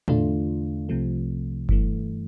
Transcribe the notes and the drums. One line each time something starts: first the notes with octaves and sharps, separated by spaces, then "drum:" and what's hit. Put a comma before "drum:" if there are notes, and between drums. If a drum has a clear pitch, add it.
E2 D3 A3 D4 F4, drum: tom
C2 C3 F3 A3
G2 E3 A3, drum: kick F#1